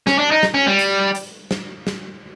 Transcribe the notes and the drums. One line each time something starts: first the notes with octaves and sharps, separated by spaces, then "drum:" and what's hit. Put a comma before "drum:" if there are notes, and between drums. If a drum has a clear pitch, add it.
C#4, drum: snare
D4
D#4
drum: snare
C#4
G3
drum: hi-hat
drum: hi-hat
drum: snare
drum: snare